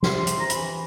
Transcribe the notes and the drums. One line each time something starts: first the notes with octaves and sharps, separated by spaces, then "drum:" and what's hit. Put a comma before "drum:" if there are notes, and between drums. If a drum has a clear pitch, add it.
C3 C6, drum: snare
C3 C6, drum: hi-hat
A#5
E3 B5, drum: hi-hat